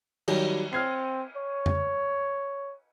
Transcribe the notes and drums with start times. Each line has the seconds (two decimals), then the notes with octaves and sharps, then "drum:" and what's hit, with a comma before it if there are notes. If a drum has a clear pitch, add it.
0.28 D#3 F#3 G3, drum: cymbal
0.73 C4 F6 G#6 C7
1.37 C#5
1.66 drum: tom F2